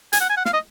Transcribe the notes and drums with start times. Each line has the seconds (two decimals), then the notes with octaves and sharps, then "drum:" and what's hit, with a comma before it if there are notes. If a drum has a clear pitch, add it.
0.13 G#5, drum: hi-hat
0.21 F#5
0.30 G#5
0.37 F#5
0.45 F5, drum: snare
0.53 D#5